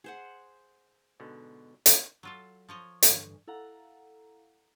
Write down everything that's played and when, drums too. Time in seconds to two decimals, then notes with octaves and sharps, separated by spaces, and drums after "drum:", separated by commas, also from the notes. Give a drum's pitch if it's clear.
0.04 G#4 C5 F#5
1.20 G#2 B2 D3
1.86 drum: hi-hat
2.23 F#3 F4 A4
2.69 F3 C#5 D#5
3.03 G2 D3 E3, drum: hi-hat
3.47 E4 A4 F5 F#5 A#5